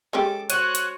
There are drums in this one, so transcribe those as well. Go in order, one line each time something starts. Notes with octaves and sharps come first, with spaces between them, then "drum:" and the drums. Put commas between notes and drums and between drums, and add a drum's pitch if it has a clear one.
G#3 C#4 G4 A4 D6
F#4 C5 C#5 F#6 D#7, drum: hi-hat
drum: hi-hat